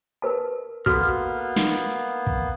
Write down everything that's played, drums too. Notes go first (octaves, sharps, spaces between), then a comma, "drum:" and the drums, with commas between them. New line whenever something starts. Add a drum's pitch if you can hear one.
A#4 B4 A5
A#3 B3 F#4 A4 F6, drum: kick
drum: snare
drum: kick